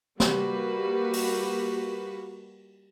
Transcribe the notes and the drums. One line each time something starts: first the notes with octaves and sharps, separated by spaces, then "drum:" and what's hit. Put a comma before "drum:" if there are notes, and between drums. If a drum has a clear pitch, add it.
G3 A#3 F#4 G4 B4, drum: snare
drum: open hi-hat